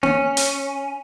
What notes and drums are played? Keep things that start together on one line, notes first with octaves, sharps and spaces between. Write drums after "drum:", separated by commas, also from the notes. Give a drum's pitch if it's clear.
C#4, drum: tom A#3
drum: hi-hat